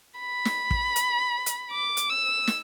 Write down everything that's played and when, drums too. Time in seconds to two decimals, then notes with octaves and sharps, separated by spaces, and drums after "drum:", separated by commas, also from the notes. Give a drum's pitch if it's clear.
0.20 B5
0.45 drum: snare
0.71 drum: kick
0.96 drum: hi-hat
1.46 drum: hi-hat
1.72 D6
1.97 drum: hi-hat
2.10 E6
2.47 drum: snare